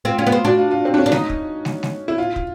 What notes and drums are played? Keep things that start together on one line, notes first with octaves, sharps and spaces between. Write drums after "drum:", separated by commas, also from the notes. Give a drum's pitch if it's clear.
C4 F4
C#4 F4
B3
C4 F4
D4 F#4
F4
F4
C4
D4
C#4
D4
D#4, drum: snare
drum: kick
drum: snare
drum: snare
E4
F4
drum: kick